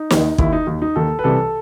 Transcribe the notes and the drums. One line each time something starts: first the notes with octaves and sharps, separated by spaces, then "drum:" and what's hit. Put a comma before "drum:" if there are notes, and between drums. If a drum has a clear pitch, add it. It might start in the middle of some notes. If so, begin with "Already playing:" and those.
Already playing: D#4
D#2 D#3, drum: snare
D#2 D#3 E4, drum: kick
D#4
D#2 D#3
D#4
D#2 D#3 A4
B4
C2 C3 E3 A4